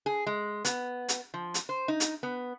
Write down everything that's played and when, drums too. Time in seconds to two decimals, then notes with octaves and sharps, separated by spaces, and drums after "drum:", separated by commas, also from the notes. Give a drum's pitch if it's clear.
0.06 G#4
0.27 G#3
0.65 B3, drum: hi-hat
1.09 drum: hi-hat
1.34 F3
1.54 drum: hi-hat
1.69 C5
1.88 D#4
2.00 drum: hi-hat
2.23 B3